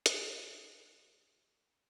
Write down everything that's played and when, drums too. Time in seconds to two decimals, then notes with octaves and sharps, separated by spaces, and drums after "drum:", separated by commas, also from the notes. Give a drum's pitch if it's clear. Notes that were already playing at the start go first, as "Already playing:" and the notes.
0.06 A#3 F#4 F#5, drum: hi-hat